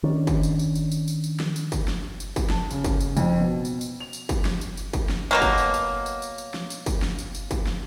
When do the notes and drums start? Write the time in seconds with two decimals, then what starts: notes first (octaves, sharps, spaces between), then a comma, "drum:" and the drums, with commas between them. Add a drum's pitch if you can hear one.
0.03 D#3 C#4 D4
0.27 drum: kick, tambourine
0.43 drum: tambourine
0.59 drum: tambourine
0.75 drum: tambourine
0.92 drum: tambourine
1.08 drum: tambourine
1.24 drum: tambourine
1.40 drum: snare
1.56 drum: tambourine
1.72 drum: kick, tambourine
1.88 drum: snare
2.20 drum: tambourine
2.36 drum: kick, tambourine
2.50 A5, drum: snare
2.71 C#3, drum: tambourine
2.84 drum: kick, tambourine
3.01 drum: tambourine
3.17 F2, drum: tambourine
3.41 B2
3.65 drum: tambourine
3.81 drum: tambourine
4.00 F7
4.13 drum: tambourine
4.29 drum: kick, tambourine
4.45 drum: snare
4.61 drum: tambourine
4.77 drum: tambourine
4.93 drum: kick, tambourine
5.10 drum: snare
5.31 B2 F#3 A#3
5.42 drum: kick, tambourine
5.58 drum: tambourine
5.74 drum: tambourine
6.06 drum: tambourine
6.22 drum: tambourine
6.38 drum: tambourine
6.54 drum: snare
6.70 drum: tambourine
6.86 drum: kick, tambourine
7.02 drum: snare
7.19 drum: tambourine
7.35 drum: tambourine
7.51 drum: kick, tambourine
7.67 drum: snare